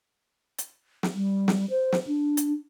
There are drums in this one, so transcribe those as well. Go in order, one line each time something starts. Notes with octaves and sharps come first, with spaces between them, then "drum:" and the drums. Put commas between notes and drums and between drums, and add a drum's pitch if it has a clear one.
drum: hi-hat
drum: snare
G3
drum: snare
C5
drum: snare
D4
drum: hi-hat